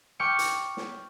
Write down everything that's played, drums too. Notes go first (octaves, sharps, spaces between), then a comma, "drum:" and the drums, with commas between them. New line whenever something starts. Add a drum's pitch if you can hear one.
G5 C#6 D6 F6 C#7
drum: hi-hat
drum: snare